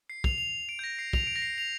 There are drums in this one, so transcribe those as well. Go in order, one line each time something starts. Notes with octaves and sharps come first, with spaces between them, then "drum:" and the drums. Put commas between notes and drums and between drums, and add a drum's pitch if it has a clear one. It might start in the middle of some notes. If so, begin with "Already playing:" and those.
C7
F7, drum: kick
F7
D7
G6
A#6
C7
F7, drum: kick
D7
A#6
C7
F7